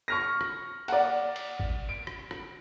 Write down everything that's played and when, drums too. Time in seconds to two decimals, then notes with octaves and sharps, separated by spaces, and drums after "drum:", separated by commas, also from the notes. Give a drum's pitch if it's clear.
0.08 C#6 F6 A#6
0.41 drum: rim click
0.88 D5 F#5, drum: cymbal
1.36 drum: cymbal
1.60 drum: kick G#1
1.89 D7
2.07 drum: rim click
2.31 drum: rim click